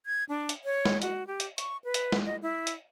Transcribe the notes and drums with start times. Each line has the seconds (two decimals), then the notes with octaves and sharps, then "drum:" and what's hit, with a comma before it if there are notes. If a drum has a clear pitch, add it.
0.06 G#6
0.29 D4
0.49 drum: hi-hat
0.64 C#5
0.85 drum: snare
1.02 F#4, drum: hi-hat
1.27 G4
1.40 drum: hi-hat
1.58 C#6, drum: hi-hat
1.84 B4
1.94 drum: hi-hat
2.12 drum: snare
2.26 D#5
2.42 E4
2.67 drum: hi-hat